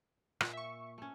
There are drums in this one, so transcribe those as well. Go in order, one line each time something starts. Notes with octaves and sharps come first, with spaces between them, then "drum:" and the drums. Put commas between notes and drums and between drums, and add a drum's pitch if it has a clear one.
A#2, drum: rim click
E5 C#6
A3 C#4